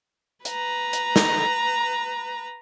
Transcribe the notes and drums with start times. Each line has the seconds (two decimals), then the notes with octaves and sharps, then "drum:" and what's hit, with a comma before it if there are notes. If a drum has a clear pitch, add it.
0.45 B4 A#5, drum: hi-hat
0.93 drum: hi-hat
1.16 drum: snare